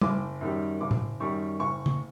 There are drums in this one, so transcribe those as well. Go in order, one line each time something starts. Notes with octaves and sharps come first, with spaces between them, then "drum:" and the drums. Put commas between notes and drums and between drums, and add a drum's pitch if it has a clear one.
F#1 D6, drum: tom
F#2 D#3 G3
F#1 D6
drum: tom A2
F#2 D#3 G3 C#6
F#1 C#6
drum: tom C#3